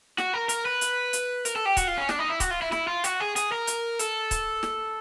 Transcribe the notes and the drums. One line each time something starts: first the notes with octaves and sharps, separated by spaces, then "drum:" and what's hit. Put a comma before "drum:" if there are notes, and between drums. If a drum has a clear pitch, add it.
F#4, drum: snare
A#4
A#4, drum: hi-hat
B4
drum: hi-hat
drum: hi-hat
A#4, drum: hi-hat
A4
G4
F#4, drum: kick C#1, hi-hat
F4
C#4
D4, drum: snare
D#4
E4
F#4, drum: kick C#1, hi-hat
F4
E4
E4, drum: snare
F4
F#4, drum: hi-hat
G#4
G#4, drum: hi-hat
A#4
drum: hi-hat
A4, drum: hi-hat
drum: kick C#1, hi-hat
drum: snare